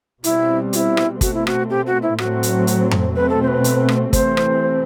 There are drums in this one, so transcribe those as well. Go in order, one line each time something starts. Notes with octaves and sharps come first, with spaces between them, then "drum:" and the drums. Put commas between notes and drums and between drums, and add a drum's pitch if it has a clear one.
B2 G3 C4 E4, drum: hi-hat
F#4, drum: hi-hat
E4
drum: rim click
B2 A3 C4 F#4, drum: kick, hi-hat
E4
F#4, drum: rim click
G4
F#4
E4
A2 F#3 A3 C4 F#4, drum: rim click
drum: hi-hat
drum: hi-hat
drum: tom F2
B2 A3 C4 B4
A4
C5
B4
drum: hi-hat
drum: rim click
C3 E3 A3 C4 C5, drum: kick, hi-hat
drum: rim click